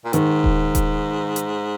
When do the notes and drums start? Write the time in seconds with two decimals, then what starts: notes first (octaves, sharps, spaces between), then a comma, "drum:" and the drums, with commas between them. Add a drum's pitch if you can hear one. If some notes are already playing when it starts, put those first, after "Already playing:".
0.05 A#2
0.13 G#2 D#3, drum: hi-hat
0.44 drum: kick D#1
0.75 drum: kick D#1, hi-hat
1.36 drum: hi-hat